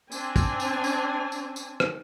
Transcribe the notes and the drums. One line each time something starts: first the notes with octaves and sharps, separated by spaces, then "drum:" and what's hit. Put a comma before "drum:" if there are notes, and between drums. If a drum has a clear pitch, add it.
C4 D4 G#5, drum: tambourine
drum: kick, tambourine
drum: tambourine
drum: tambourine
drum: tambourine
drum: tambourine
drum: rim click